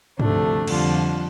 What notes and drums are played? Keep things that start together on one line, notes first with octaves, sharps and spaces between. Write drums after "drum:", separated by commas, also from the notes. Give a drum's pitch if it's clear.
D2 C3 F3 A3 D4, drum: tom G2
F2 D3 G3 F4, drum: cymbal